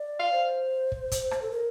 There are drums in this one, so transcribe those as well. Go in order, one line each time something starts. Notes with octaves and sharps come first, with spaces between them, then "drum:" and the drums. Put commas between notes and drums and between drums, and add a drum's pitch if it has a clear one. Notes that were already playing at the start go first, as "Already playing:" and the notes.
Already playing: D5
F5
C5
drum: kick
drum: kick, hi-hat
drum: rim click
A4
A#4